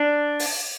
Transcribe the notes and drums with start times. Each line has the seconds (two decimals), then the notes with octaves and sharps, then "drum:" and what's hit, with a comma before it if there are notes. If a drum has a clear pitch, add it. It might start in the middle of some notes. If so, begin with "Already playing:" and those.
Already playing: D4
0.39 drum: open hi-hat